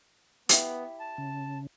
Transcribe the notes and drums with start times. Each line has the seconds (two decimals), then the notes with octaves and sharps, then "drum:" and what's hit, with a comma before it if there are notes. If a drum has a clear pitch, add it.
0.49 B3 E4 G4, drum: hi-hat
1.00 A5
1.18 C#3